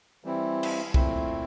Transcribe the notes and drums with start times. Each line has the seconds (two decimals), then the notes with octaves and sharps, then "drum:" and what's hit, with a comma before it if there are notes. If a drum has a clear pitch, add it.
0.25 E3 G3 C4 E4
0.63 drum: cymbal
0.94 A#2 A3 C4 E4, drum: kick